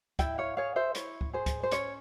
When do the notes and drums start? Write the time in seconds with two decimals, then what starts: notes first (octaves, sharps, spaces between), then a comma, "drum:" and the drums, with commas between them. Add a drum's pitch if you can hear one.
0.19 E4 E5 G5, drum: kick, hi-hat
0.38 C#5 F5
0.57 G#4 C#5 F5
0.76 C5 E5
0.95 E4 C#5, drum: hi-hat
1.21 drum: kick
1.33 G#4 C5
1.46 drum: kick, hi-hat
1.63 C5
1.71 C#4 C#5, drum: hi-hat